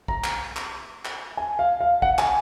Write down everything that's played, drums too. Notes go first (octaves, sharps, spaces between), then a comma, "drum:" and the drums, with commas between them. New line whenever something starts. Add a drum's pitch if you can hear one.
A#5, drum: kick
drum: clap
drum: clap
drum: clap
G#5
F5
F5
F#5, drum: kick
G#5, drum: clap